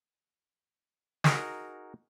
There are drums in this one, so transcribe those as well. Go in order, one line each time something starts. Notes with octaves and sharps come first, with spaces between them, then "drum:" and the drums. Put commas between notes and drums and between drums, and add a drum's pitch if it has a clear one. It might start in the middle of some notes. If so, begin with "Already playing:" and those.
D#4 F#4 G#4 A#4, drum: snare